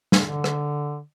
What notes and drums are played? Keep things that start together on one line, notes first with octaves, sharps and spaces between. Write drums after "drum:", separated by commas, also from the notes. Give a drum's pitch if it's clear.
drum: snare
D3
drum: rim click